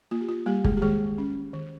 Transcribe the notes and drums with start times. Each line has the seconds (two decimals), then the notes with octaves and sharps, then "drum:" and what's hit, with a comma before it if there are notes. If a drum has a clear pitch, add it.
0.11 A#3 F4
0.21 G4
0.29 F4
0.46 G3 A#3 G4
0.64 G#3 G#4, drum: kick
0.77 G4
0.82 D#3 G#3 G#4
1.18 C#4
1.53 D#3